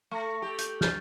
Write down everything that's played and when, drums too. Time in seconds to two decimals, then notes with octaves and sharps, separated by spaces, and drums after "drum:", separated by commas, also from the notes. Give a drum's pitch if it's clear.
0.11 A3 C#6 A#6
0.42 A3 G4
0.58 G6, drum: hi-hat
0.81 F6 G6 A6, drum: snare